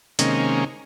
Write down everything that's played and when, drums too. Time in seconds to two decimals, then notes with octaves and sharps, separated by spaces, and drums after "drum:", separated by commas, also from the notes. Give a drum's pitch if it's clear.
0.19 C3 D#3 G#3 A#3 C#4, drum: hi-hat